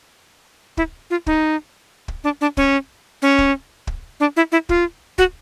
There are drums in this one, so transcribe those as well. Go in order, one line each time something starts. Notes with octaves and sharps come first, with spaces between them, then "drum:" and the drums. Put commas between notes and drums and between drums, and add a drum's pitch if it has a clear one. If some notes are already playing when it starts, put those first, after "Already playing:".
E4, drum: kick
F4
D#4, drum: kick
drum: kick
D4
D4
C#4, drum: kick
C#4
drum: kick
drum: kick
D4
E4
E4
F4, drum: kick
F#4, drum: kick